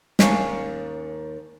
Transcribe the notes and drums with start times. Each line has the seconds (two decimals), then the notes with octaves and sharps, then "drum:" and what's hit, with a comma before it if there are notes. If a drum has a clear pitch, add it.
0.19 D#2 G#2 C#4 D4 C#5 F5 G#5, drum: snare